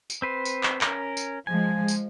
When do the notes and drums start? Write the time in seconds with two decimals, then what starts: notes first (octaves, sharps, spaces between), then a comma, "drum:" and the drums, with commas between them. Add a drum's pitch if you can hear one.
0.10 drum: tambourine
0.22 C4 B4 C5
0.45 drum: tambourine
0.63 drum: clap
0.81 C#4 A#4, drum: clap
1.17 drum: tambourine
1.47 F3 G#3 G#5
1.88 drum: tambourine